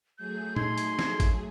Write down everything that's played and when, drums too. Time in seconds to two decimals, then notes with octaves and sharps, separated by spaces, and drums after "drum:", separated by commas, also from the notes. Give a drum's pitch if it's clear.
0.18 F#3 A3 G#4 G6
0.56 D#4 C6 G#6, drum: tom A#2
0.78 drum: hi-hat
0.99 drum: snare
1.20 drum: kick G#1, hi-hat